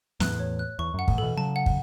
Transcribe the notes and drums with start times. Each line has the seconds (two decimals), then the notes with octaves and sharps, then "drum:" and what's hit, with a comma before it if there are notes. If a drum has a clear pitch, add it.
0.20 E2 A2 F#6, drum: snare
0.39 C#5
0.59 F#6
0.79 E2 C#6
0.94 F#2 F#5
1.08 E2 A2, drum: kick
1.18 B2 E3 A4
1.37 C#3 F#3 A5
1.56 F#5
1.66 drum: kick